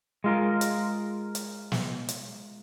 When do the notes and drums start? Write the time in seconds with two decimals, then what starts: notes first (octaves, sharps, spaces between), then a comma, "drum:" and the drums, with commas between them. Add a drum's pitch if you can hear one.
0.24 G#3 F4 A#4
0.61 drum: hi-hat
1.35 drum: hi-hat
1.72 drum: snare
2.08 drum: hi-hat